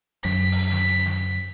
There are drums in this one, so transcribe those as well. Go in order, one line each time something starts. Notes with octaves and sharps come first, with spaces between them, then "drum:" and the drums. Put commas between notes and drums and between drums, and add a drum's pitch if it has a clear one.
F#2 B6, drum: snare
drum: open hi-hat
drum: snare
drum: snare